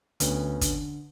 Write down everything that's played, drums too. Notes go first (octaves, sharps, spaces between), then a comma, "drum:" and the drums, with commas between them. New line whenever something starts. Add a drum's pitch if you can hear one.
D2 B3 C#4, drum: hi-hat
D3, drum: kick, hi-hat